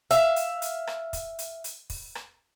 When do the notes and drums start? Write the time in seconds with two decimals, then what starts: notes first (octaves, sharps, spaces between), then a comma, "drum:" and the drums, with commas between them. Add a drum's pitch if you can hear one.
0.11 E5 F5, drum: hi-hat
0.36 drum: hi-hat
0.62 drum: hi-hat
0.87 drum: rim click
1.13 drum: kick, hi-hat
1.39 drum: hi-hat
1.64 drum: hi-hat
1.90 drum: kick, open hi-hat
2.15 drum: rim click